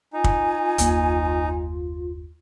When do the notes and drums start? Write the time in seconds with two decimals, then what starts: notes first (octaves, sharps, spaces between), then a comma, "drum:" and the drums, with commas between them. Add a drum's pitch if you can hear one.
0.13 D#4 F4 G#5
0.24 drum: kick
0.78 F#1 D#2 A#3, drum: hi-hat